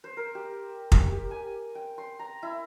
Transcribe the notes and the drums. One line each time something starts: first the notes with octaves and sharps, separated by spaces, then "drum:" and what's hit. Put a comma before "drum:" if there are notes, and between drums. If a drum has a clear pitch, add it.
C5
A#4
G4
G4, drum: kick
G4
G#5
G5
C6
A#5
E4